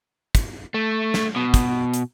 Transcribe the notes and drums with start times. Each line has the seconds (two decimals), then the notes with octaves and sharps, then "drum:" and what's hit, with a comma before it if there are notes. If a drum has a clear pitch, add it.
0.35 drum: kick, hi-hat
0.74 A3
1.14 drum: snare
1.36 B2
1.54 drum: kick, hi-hat
1.94 drum: hi-hat